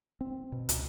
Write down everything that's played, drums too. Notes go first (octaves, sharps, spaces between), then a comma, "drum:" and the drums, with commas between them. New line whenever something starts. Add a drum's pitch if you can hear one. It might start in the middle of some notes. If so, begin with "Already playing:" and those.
C4
B2
C#2, drum: hi-hat